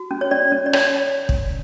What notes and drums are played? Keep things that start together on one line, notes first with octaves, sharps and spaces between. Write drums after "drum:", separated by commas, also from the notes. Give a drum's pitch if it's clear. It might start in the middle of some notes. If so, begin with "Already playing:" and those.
Already playing: F#4
C#4
C#5
C#4 D5
C#4
D5
C#5, drum: rim click
drum: kick